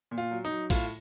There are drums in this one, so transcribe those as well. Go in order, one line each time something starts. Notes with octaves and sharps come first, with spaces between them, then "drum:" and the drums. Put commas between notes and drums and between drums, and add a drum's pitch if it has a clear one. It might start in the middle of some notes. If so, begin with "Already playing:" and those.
A#2
F4
F#3
D#4
F#3
A2 F4, drum: kick, open hi-hat